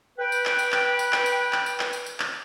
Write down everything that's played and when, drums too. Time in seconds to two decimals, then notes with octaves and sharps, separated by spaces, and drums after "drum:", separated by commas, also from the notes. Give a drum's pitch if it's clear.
0.19 B4 G5
0.32 drum: tambourine
0.45 drum: clap
0.59 drum: tambourine
0.72 drum: clap
0.99 drum: tambourine
1.12 drum: clap
1.26 drum: tambourine
1.53 drum: clap
1.66 drum: tambourine
1.80 drum: clap
1.93 drum: tambourine
2.06 drum: tambourine
2.20 drum: clap